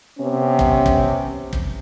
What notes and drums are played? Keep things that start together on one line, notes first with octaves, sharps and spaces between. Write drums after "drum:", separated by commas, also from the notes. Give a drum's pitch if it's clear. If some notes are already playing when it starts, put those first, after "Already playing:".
C3 B3 C#4
drum: kick
drum: kick
drum: kick